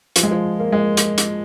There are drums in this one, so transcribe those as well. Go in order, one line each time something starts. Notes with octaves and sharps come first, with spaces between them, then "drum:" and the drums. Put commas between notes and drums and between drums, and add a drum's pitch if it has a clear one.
F3, drum: hi-hat
G#3
F3
A#3
G#3
drum: hi-hat
drum: hi-hat